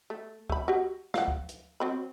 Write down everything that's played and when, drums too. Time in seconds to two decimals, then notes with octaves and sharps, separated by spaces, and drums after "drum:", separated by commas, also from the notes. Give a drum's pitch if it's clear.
0.10 A3
0.50 A3 B5, drum: kick D2
0.68 F#4 G4
1.14 F5 F#5, drum: snare
1.28 drum: kick D2
1.49 drum: hi-hat
1.80 F#3 C4 B5